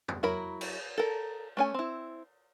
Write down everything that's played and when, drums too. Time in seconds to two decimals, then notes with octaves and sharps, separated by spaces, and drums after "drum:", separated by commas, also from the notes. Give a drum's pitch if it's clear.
0.08 drum: tom
0.23 F#3 E4 A#4 B5
0.61 drum: cymbal
0.98 A4 A#4
1.57 A3 C#4 G#5
1.74 C4 E4